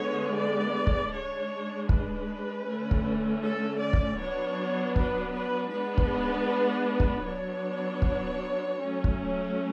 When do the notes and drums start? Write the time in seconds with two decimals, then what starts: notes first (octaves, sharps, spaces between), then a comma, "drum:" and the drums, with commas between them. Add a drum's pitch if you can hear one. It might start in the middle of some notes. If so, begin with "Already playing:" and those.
Already playing: D3 G#3 B3 C#5
0.35 D5
0.87 drum: kick
1.12 G#3 D4 C#5
1.89 B4, drum: kick
2.66 D3 A3 C#4
2.91 drum: kick
3.43 A4
3.81 D5
3.93 drum: kick
4.19 F#3 B3 D4 C#5
4.96 B4, drum: kick
5.33 B4
5.72 G#3 B3 D4 B4
5.98 drum: kick
7.00 drum: kick
7.25 F#3 B3 D4 C#5
8.02 drum: kick
8.79 F#3 A3 C#4
9.04 drum: kick